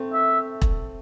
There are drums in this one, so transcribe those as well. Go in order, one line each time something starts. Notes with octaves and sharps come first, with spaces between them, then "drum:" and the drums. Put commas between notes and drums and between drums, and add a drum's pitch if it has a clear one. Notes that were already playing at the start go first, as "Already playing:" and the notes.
Already playing: A3 C4
E5
drum: kick E1